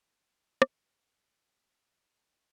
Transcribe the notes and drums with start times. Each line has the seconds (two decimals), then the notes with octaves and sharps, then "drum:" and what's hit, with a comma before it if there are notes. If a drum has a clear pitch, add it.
0.21 G5
0.62 drum: rim click
0.78 F#5
0.85 G5
0.99 F5
1.06 F#5
1.27 G#5
1.49 G5
2.13 F5
2.28 D5